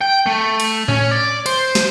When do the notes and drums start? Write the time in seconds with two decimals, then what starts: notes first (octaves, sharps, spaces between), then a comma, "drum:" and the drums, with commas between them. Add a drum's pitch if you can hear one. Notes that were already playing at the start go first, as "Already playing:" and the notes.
0.01 G5
0.26 A3
0.60 drum: cymbal
0.89 C#4, drum: tom A2
1.11 D5
1.46 C5, drum: cymbal
1.75 drum: snare